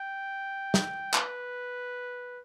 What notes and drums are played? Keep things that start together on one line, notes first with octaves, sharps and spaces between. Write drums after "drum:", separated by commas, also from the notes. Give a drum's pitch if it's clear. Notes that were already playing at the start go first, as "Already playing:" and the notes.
Already playing: G5
drum: snare
B4, drum: clap